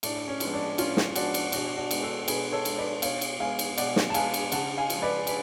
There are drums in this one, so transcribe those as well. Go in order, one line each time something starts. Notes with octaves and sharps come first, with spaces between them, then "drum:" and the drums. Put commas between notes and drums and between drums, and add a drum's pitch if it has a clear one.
A2 D4, drum: cymbal
C#4
F3 G#3 B3, drum: cymbal
D4
A2 C#4 F4, drum: cymbal
drum: snare
F3 G#3 B3 D4 F#4, drum: cymbal
drum: cymbal
B2 D4 F#4, drum: cymbal
D4 F#4
G#3 B3, drum: cymbal
F#4 A4
B2 G#4 B4, drum: cymbal
A4 C#5
G#3 B3, drum: cymbal
B4 D5
B2 C#5 F5, drum: cymbal
drum: cymbal
G#3 B3 F5 G#5
drum: cymbal
B2 D5 F#5, drum: cymbal
drum: snare
A5
G#3 B3 F5 G#5, drum: cymbal
drum: cymbal
C#3 F#5 A5, drum: cymbal
F5 G#5
F3 G#3, drum: cymbal
B4 D5
B4, drum: cymbal